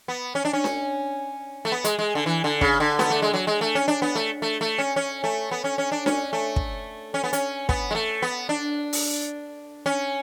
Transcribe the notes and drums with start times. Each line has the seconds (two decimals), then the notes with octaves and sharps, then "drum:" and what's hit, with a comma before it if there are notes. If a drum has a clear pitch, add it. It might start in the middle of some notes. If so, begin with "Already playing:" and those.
0.08 B3
0.35 C#4
0.45 D4
0.53 C#4
0.64 drum: snare D4
1.65 A3
1.72 B3
1.84 G#3, drum: hi-hat
1.99 G#3
2.15 D3
2.26 E3
2.44 D3
2.61 C#3, drum: kick
2.80 D3
2.99 B3, drum: snare D4
3.10 A3
3.22 G#3
3.33 F#3
3.47 G#3
3.61 A3
3.75 C#4
3.88 D4
4.02 B3
4.15 A3
4.42 A3
4.61 A3
4.78 C#4
4.96 C#4
5.24 A3
5.51 B3
5.64 C#4
5.78 C#4
5.92 D4
6.06 C#4, drum: snare D4
6.33 A3
6.56 drum: kick
7.14 C#4
7.24 B3
7.33 C#4, drum: hi-hat
7.69 B3, drum: kick
7.91 G#3
7.95 A3
8.22 B3
8.49 D4
8.93 drum: open hi-hat
9.86 C#4